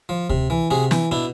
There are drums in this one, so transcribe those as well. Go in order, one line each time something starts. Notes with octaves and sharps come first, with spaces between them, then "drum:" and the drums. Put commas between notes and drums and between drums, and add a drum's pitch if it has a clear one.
F3
C3, drum: kick D2
E3
C3 F#4 G#4
E3, drum: snare
B2 D4 E4